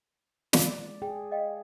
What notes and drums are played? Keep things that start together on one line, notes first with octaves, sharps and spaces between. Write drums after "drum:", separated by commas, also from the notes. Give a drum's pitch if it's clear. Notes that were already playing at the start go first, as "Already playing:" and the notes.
G#3 D5, drum: snare
G#4 G5
D#5 F5 G5